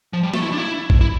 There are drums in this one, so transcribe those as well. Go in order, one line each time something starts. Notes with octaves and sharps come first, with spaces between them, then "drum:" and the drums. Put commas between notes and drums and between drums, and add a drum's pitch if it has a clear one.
F3
G3
A3, drum: snare
E4
D4
E4
drum: kick A#1
E4